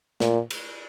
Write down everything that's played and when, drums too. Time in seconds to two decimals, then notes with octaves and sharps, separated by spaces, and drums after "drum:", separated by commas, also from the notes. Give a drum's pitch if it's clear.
0.20 A#2, drum: snare
0.51 drum: cymbal